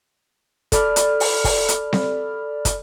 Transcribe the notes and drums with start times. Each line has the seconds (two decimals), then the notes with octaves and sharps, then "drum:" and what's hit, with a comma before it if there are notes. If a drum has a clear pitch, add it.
0.72 A4 D5 B5 F6, drum: kick, hi-hat
0.96 drum: hi-hat
1.20 drum: open hi-hat
1.44 drum: kick, open hi-hat
1.68 drum: hi-hat
1.93 drum: snare C4
2.65 drum: kick, hi-hat